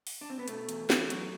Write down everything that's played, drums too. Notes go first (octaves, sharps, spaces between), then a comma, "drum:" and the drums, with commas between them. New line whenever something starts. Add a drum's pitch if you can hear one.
drum: open hi-hat
D4
C4
B3
B2 A3, drum: hi-hat
E2, drum: hi-hat
E2, drum: snare
F#3, drum: hi-hat